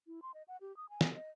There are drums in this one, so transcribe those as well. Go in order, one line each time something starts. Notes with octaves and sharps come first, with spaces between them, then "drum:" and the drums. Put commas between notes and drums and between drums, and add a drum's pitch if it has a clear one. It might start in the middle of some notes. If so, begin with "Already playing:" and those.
E4
C6
D#5
F#5
G4
D#6
G#5
drum: snare
D#5